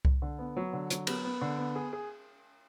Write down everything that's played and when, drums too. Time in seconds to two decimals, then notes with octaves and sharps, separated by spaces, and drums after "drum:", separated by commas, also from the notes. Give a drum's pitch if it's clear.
0.05 drum: kick C2
0.22 D3
0.39 B3
0.57 F#3
0.73 D3
0.90 F#3, drum: hi-hat
1.07 B3, drum: cymbal
1.24 B3
1.41 D3
1.58 B3
1.76 G#4
1.93 G#4